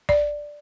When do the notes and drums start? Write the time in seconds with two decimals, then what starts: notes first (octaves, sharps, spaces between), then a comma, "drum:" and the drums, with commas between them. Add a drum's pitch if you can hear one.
0.09 D5, drum: kick